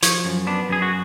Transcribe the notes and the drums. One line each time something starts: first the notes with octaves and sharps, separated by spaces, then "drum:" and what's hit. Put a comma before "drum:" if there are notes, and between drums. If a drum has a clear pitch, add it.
F3 C#5, drum: hi-hat
F#2
B3 D4
F#2 G#4
F#4